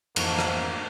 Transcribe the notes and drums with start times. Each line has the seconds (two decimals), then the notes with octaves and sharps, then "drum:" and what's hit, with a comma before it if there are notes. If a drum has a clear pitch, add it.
0.16 F2 G#2 E3 A3 A#3 F#4, drum: cymbal
0.39 drum: rim click